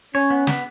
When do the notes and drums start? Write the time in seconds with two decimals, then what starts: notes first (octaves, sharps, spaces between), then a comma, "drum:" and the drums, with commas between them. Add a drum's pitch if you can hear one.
0.15 C#4 C#5
0.30 B3
0.47 B3, drum: snare